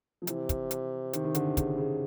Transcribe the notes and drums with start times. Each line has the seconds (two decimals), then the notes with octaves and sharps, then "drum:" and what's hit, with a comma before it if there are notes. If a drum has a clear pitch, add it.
0.22 F3
0.27 C3 E3, drum: hi-hat
0.49 drum: kick, hi-hat
0.71 drum: hi-hat
1.13 D#3, drum: hi-hat
1.24 D#3
1.35 D3, drum: hi-hat
1.57 C#3, drum: kick, hi-hat
1.77 C#3